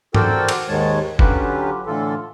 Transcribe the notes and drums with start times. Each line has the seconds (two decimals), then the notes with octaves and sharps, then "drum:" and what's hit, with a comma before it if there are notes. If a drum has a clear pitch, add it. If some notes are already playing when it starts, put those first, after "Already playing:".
0.15 F#4 A4 A#4 C5 D5 G5, drum: tom
0.49 drum: cymbal
0.69 D#2 G#2 D#3 G#3 C#5 A5
1.19 D3 F#3 C#4 F4 G4 B4, drum: kick
1.86 A2 D3 E3 F4 A4